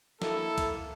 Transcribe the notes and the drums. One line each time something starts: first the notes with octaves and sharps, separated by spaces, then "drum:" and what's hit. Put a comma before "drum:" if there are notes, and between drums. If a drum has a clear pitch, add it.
A#3 E4 A4, drum: snare
drum: kick, cymbal